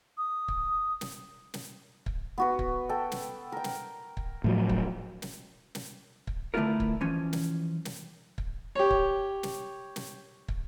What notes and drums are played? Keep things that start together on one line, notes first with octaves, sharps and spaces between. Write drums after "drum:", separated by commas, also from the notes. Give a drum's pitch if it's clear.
D#6
drum: kick
drum: snare
drum: snare
drum: kick
B3 F#4 B4
drum: kick
A4 G5
drum: snare
A#4 G5
drum: snare
drum: kick
A2 F3 F#3
drum: kick
drum: snare
drum: snare
drum: kick
D3 A3 B3 E4 F4 A#4
drum: kick
E3 F3 C#4
drum: snare
drum: snare
drum: kick
G4 C#5
drum: kick
drum: snare
drum: snare
drum: kick